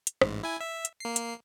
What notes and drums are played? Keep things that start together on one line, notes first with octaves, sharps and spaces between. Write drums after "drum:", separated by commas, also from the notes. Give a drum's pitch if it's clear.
drum: hi-hat
A1 G#2, drum: rim click
E4 G#5
E5
drum: hi-hat
A#3 C7
drum: hi-hat